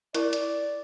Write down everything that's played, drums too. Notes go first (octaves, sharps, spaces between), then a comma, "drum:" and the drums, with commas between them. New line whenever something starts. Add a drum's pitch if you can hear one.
E4 A#4 D5, drum: hi-hat
drum: hi-hat